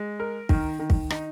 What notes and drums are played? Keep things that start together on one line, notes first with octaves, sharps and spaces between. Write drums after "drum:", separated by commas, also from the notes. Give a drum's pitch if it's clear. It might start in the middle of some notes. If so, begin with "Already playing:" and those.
Already playing: G#3
A#4
D#3, drum: kick
D#3
drum: kick
D#4, drum: rim click